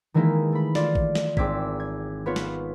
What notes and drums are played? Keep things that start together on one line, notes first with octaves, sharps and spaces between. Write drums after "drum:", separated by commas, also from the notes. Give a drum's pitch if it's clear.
D#3 E3 G#3 A#3 D#4 E4
A3 B5
F4 D5, drum: snare
drum: kick A1
drum: snare
G#1 C4 D6 E6 G#6 B6, drum: kick A1
G#6
B3 F4 B4 C#5
drum: snare